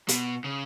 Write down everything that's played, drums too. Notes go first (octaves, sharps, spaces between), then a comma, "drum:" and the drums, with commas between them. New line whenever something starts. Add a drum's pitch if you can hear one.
B2, drum: hi-hat
C#3